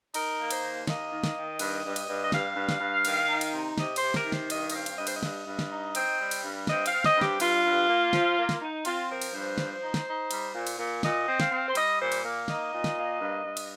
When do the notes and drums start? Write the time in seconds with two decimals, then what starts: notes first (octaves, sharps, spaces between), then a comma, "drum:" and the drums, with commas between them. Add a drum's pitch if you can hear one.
0.14 D#4 A#4, drum: cymbal
0.39 A#3
0.50 C5, drum: cymbal
0.62 D#2
0.87 A#3 D#5, drum: snare
1.12 D#3
1.24 drum: snare
1.36 D#3
1.59 G2, drum: cymbal
1.85 G2
1.96 drum: cymbal
2.08 G2
2.23 D#5
2.32 G2 F5, drum: snare
2.56 G2
2.69 drum: snare
2.80 G2
3.05 D#3, drum: cymbal
3.29 D#4
3.41 drum: cymbal
3.53 C3
3.78 C3 D#5, drum: snare
3.96 C3 C5, drum: cymbal
4.14 A#4, drum: snare
4.25 D#3
4.32 C5, drum: snare
4.50 G2 D#5, drum: cymbal
4.70 D#5, drum: cymbal
4.74 C4 F5
4.86 drum: cymbal
4.98 G2 D#5
5.07 C5, drum: cymbal
5.14 D#5
5.23 G2, drum: snare
5.46 G2
5.59 drum: snare
5.71 D#4
5.95 C4, drum: cymbal
6.19 G3
6.31 drum: cymbal
6.43 G2
6.67 C4 D#5, drum: snare
6.86 F5, drum: cymbal
6.92 C4
7.04 D#5, drum: snare
7.16 G2
7.21 G4, drum: snare
7.40 G2 F4, drum: cymbal
7.65 G2
7.88 A#3
8.13 F3, drum: snare
8.37 A#3
8.49 drum: snare
8.61 D#4
8.85 C4 F4, drum: cymbal
9.09 F3 A#4
9.21 drum: cymbal
9.34 G2 C5
9.58 F3, drum: snare
9.82 D#4
9.94 drum: snare
10.07 D#4
10.31 G3, drum: cymbal
10.54 A#2
10.67 drum: cymbal
10.78 A#2
11.03 A#2 D#5, drum: snare
11.27 C4
11.40 F5, drum: snare
11.51 C4
11.68 C5
11.75 G3 D#5, drum: cymbal
11.99 A#2 C5
12.12 drum: cymbal
12.24 A#3
12.48 D#4 D#5, drum: snare
12.72 A#2
12.84 drum: snare
12.97 A#3
13.20 G2
13.45 G2
13.57 drum: cymbal